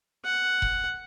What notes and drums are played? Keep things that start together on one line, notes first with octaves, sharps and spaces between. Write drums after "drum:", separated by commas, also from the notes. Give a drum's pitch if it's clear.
F#5
drum: kick F1